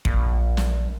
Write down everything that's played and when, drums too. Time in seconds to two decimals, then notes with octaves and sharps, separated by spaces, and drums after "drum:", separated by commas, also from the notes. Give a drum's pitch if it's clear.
0.05 A#1, drum: kick
0.57 drum: snare